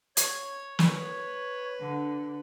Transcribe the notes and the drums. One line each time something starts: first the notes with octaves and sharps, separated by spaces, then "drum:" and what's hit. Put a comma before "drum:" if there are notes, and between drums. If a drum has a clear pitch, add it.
C#5 G#6, drum: hi-hat
B4, drum: snare
D3